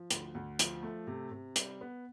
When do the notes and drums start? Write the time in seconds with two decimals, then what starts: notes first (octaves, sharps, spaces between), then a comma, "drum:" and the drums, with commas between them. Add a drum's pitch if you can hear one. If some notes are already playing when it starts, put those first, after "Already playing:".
Already playing: F3
0.10 D2, drum: hi-hat
0.35 D2
0.59 F3, drum: hi-hat
0.83 A3
1.07 C3
1.31 C3
1.56 G3, drum: hi-hat
1.81 B3